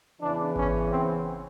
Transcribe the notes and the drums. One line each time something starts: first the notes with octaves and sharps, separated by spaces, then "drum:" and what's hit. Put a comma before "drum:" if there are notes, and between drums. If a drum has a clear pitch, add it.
E2 C#3 E3 D4
C#4, drum: kick G#1
C4